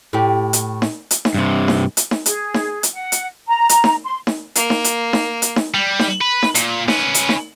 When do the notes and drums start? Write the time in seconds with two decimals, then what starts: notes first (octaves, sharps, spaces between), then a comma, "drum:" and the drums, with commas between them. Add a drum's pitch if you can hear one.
0.13 A2 G4
0.53 drum: hi-hat
0.82 drum: snare D#4
1.11 drum: hi-hat
1.25 drum: snare D#4
1.34 G2 C3
1.68 drum: snare D#4
1.97 drum: hi-hat
2.11 drum: snare D#4
2.26 G#4, drum: hi-hat
2.54 drum: snare D#4
2.83 drum: hi-hat
2.94 F#5
3.12 drum: hi-hat
3.48 A#5
3.69 drum: hi-hat
3.84 drum: snare D#4
4.04 C6
4.27 drum: snare D#4
4.55 A#3, drum: hi-hat
4.70 drum: snare D#4
4.84 drum: hi-hat
5.13 drum: snare D#4
5.42 drum: hi-hat
5.56 drum: snare D#4
5.74 G3
5.99 drum: snare D#4
6.21 B4
6.43 drum: snare D#4
6.55 A#2, drum: hi-hat
6.88 C#4 B4, drum: snare D#4
7.14 drum: hi-hat
7.29 drum: snare D#4